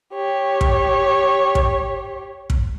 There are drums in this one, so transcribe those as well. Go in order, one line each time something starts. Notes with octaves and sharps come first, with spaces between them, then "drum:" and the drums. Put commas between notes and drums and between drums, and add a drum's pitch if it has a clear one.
G4 C#5
drum: kick
drum: kick
drum: kick